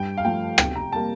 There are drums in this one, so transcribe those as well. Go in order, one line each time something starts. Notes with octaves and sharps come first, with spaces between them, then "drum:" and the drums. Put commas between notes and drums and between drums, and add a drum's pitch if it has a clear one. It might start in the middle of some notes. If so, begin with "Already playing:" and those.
Already playing: G2 G5
F5
F3 A3 G5
C3 G5, drum: rim click
A#5
G3 A#3 A5